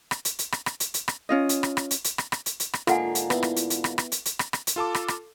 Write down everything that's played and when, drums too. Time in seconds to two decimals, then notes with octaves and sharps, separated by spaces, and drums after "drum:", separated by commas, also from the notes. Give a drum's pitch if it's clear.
0.11 drum: rim click
0.25 drum: hi-hat
0.39 drum: hi-hat
0.52 drum: rim click
0.66 drum: rim click
0.80 drum: hi-hat
0.94 drum: hi-hat
1.08 drum: rim click
1.29 C#4 F4 D#5
1.49 drum: hi-hat
1.63 drum: rim click
1.77 drum: rim click
1.91 drum: hi-hat
2.04 drum: hi-hat
2.18 drum: rim click
2.32 drum: rim click
2.46 drum: hi-hat
2.60 drum: hi-hat
2.73 drum: rim click
2.87 G#2 D3 A#3 F4 A4 F#5 G#5, drum: rim click
3.15 drum: hi-hat
3.30 B3 E4, drum: rim click
3.43 drum: rim click
3.56 drum: hi-hat
3.70 drum: hi-hat
3.84 drum: rim click
3.98 drum: rim click
4.12 drum: hi-hat
4.25 drum: hi-hat
4.39 drum: rim click
4.53 drum: rim click
4.67 drum: hi-hat
4.76 F4 A4 A5 D6
4.95 drum: rim click
5.08 drum: rim click